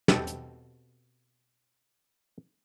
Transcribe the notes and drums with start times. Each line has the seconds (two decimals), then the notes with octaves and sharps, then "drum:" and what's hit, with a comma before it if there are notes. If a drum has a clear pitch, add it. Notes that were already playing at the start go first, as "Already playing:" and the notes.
0.08 B2 C4 G4 A4, drum: snare
0.27 drum: hi-hat